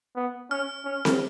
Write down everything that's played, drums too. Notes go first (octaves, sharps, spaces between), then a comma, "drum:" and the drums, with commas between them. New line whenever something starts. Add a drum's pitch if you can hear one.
B3
C#4 F6
C#4
drum: snare C4